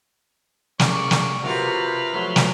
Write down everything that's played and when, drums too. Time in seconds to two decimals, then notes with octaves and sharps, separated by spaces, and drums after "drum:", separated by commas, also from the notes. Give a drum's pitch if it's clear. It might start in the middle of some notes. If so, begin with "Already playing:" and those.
0.79 C#3 A#4 D5 C#6 F6, drum: snare
1.11 drum: snare
1.43 C3 F4 F#4 A#4 B4 F5
2.13 F3 F#3 A3
2.36 drum: snare